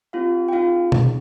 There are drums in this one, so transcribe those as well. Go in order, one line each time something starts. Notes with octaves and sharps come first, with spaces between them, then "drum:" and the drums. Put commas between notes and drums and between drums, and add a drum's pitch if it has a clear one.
C4 F4 G4 F5
G5
C4 D#4 F4 G#4 F5
C4 D#4 G#4, drum: tom B2